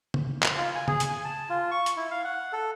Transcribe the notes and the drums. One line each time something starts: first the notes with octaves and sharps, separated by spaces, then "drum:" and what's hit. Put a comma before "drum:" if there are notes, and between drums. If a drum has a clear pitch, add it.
drum: tom C#3
drum: clap
F4
G#5
G#4, drum: tom C#3
drum: hi-hat
G#5
A5
F4
C#6
drum: hi-hat
E4
F5
F#5
A4